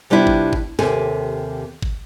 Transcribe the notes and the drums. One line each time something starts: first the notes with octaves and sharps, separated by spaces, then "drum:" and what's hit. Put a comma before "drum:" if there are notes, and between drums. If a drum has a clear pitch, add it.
C3 G3 B3 D4 E4 F4
drum: kick G1
drum: kick G1
D#2 C3 A4 G#5, drum: snare
drum: kick G1